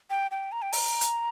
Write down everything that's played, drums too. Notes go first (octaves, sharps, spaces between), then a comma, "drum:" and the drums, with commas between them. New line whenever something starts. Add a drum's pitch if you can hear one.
G5
G5
A#5
G5
A#5, drum: open hi-hat
drum: hi-hat